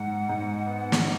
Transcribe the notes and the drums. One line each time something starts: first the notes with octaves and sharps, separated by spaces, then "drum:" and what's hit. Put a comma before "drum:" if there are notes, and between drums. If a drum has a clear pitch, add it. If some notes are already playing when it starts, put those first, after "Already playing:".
Already playing: G#2 F#5
G#2
B3
drum: snare